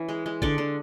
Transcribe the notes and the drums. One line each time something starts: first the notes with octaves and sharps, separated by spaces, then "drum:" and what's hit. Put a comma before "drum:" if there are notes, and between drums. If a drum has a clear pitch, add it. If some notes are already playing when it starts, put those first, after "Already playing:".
Already playing: E3 C#4
G#3
G#3
D3 D5, drum: kick A1
D3